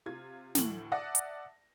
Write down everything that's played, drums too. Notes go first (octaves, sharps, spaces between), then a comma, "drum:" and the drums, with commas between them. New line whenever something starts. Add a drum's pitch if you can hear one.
C3 F4 G#6
D2 A2 E3 F#7, drum: snare
D5 E5 F#5 A5 D#6 A#6
drum: hi-hat